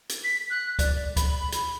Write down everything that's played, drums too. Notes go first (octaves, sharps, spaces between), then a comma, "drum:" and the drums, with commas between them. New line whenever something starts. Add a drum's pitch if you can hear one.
drum: hi-hat
B6
F#6
D5, drum: kick C#2, hi-hat
B5, drum: kick C#2, hi-hat
drum: hi-hat